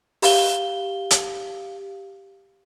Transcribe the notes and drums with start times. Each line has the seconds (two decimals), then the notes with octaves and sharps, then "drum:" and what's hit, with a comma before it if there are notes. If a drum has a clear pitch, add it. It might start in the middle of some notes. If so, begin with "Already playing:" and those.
0.22 G4 F5 G7, drum: open hi-hat
1.11 drum: hi-hat